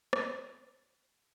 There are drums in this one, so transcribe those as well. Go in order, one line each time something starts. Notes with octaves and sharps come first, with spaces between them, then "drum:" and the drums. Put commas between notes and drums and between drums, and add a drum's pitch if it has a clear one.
C#3 F3 G#3 B3 F#4, drum: rim click